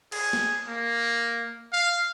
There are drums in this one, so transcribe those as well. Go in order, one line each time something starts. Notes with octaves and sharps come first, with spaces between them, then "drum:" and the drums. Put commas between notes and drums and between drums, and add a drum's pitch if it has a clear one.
G#4, drum: cymbal
drum: snare
A#3
F5